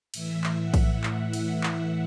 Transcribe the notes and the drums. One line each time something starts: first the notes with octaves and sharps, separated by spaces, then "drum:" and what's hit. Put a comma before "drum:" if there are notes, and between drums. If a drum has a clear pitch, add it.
A2 E3 E5, drum: cymbal
drum: clap
F#5
drum: kick A#1, cymbal
drum: clap
drum: cymbal
E5
drum: clap